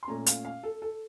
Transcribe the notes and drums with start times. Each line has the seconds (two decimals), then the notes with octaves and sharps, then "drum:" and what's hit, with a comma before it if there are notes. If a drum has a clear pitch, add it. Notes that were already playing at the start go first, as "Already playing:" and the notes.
0.03 C6
0.08 A#2 A3 C#4 A#5
0.26 F5, drum: hi-hat
0.45 F5
0.63 A4
0.82 A4